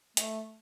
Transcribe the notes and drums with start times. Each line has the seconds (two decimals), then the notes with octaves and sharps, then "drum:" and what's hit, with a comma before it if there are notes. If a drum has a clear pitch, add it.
0.17 A3, drum: hi-hat